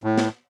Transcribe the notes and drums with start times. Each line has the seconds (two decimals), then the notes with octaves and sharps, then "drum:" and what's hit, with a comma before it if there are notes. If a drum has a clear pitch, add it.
0.04 A2
0.18 drum: snare